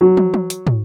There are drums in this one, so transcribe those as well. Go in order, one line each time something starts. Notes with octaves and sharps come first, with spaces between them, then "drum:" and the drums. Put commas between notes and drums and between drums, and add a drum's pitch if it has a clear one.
F#3
drum: tom
drum: tom
drum: hi-hat
drum: tom